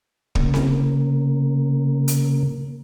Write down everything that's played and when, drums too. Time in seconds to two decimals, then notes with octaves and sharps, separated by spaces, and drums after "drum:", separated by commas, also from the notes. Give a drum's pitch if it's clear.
0.35 C#3 A#3, drum: kick
0.54 drum: snare C4
2.08 drum: hi-hat